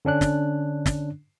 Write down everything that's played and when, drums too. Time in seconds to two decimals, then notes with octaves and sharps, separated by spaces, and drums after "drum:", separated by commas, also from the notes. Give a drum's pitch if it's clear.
0.05 D3 C#4 D4 F#6
0.21 drum: snare
0.86 drum: snare